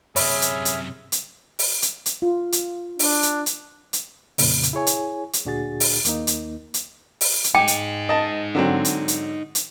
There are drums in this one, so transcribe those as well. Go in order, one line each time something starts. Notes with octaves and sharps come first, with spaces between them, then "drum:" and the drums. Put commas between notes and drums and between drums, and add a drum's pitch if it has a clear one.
F#2 C3 G#4 C#5 E5 B5 F6, drum: open hi-hat
drum: hi-hat
drum: hi-hat
drum: hi-hat
drum: open hi-hat
drum: hi-hat
drum: hi-hat
F4
drum: hi-hat
D4, drum: open hi-hat
drum: hi-hat
drum: hi-hat
drum: hi-hat
F2 A#2 C#3, drum: open hi-hat
drum: hi-hat
E4 G#4 C#5 G#5
drum: hi-hat
drum: hi-hat
D2 A#2 D4 F#4 G#4 A6
drum: open hi-hat
D#2 A#3 D#4, drum: hi-hat
drum: hi-hat
drum: hi-hat
drum: open hi-hat
drum: hi-hat
D#4 G#4 G5 D6
drum: hi-hat
D#5 A5
D3 F#3 C4
drum: hi-hat
drum: hi-hat
drum: hi-hat